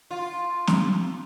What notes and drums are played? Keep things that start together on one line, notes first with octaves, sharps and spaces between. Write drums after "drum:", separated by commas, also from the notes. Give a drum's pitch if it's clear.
F4
drum: snare